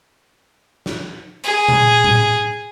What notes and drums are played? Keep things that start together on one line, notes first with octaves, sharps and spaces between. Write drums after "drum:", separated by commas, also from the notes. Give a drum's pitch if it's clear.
drum: snare
G#4, drum: hi-hat
drum: tom A#2
drum: tom A2